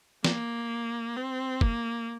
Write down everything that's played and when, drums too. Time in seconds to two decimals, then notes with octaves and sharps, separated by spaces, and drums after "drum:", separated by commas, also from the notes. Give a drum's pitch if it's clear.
0.24 A#3, drum: snare
1.16 C4
1.61 A#3, drum: kick